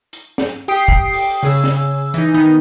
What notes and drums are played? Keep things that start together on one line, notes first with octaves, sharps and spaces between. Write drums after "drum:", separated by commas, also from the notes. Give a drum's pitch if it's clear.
drum: hi-hat
drum: snare
G4 G5 D#6 C7 D7
drum: kick
drum: open hi-hat
C#3 G#4 E6
drum: snare
E3 D#4, drum: hi-hat
D#3 B3 D#4